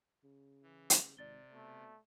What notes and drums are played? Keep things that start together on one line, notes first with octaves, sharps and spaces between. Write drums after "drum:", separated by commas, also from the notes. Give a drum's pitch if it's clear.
C#3
E3
drum: hi-hat
G#1 C3 D5 A6 G7
B2 A3